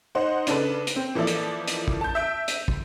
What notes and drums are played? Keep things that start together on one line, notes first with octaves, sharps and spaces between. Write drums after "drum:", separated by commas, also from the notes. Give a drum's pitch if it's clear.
D#4 C5 F#5
C#3 D4 A4 B4, drum: hi-hat
drum: hi-hat
C4
E3 F3 A#3 E4 A4 D5
drum: hi-hat
drum: hi-hat
drum: kick
A5 G6
E5 G6 D7
drum: hi-hat
drum: kick